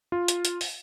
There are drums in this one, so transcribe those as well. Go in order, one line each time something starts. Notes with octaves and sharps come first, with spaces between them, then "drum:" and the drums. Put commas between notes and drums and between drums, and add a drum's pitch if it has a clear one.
F4
drum: hi-hat
drum: hi-hat
drum: open hi-hat